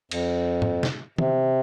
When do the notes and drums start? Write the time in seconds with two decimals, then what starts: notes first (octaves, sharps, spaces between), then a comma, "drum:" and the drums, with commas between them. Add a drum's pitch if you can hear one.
0.11 F2, drum: cymbal
0.62 drum: tom
0.83 drum: snare
1.18 C3, drum: tom